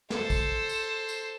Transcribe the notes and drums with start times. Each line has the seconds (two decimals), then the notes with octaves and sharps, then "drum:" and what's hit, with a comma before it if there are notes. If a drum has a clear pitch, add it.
0.10 A4 C5, drum: snare
0.30 drum: kick, tambourine
0.69 drum: tambourine
1.09 drum: tambourine